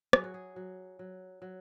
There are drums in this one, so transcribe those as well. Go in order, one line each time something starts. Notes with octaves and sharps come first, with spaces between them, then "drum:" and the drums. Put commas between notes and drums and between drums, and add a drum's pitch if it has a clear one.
F#3 G#4, drum: rim click
F#4
G#4
F#3
F#3
F#3